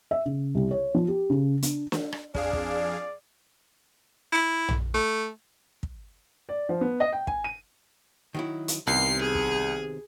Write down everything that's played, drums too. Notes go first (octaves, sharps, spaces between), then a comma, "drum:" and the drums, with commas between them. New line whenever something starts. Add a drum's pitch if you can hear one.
E5
C#3
C2
C#5
F3
G4
C#3
D4, drum: hi-hat
drum: snare
drum: rim click
F2 D4 G#4 D5 F5, drum: kick
drum: kick
E4
drum: tom A#1
A3
drum: kick
D5
F3
B3
D#5
G5
G#5, drum: kick
D#7
D#3 F#3 E4
drum: hi-hat
C2 C3 D#3 B3 C7
G#4
drum: kick